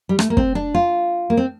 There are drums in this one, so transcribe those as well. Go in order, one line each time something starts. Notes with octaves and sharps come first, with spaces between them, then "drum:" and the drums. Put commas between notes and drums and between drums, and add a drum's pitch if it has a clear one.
G3
A3, drum: rim click
A#3
C4, drum: kick
D4
F4
A#3
C4